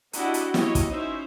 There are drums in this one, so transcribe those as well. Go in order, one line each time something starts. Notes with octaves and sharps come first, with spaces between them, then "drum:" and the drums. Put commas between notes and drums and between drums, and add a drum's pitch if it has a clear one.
D4 E4 F#4 G4 D#5 F#5, drum: hi-hat
drum: hi-hat
F#3 A#3 E4 G4 C#5 D#5, drum: snare
drum: kick, hi-hat
C#4 D#4 E4 C5 E5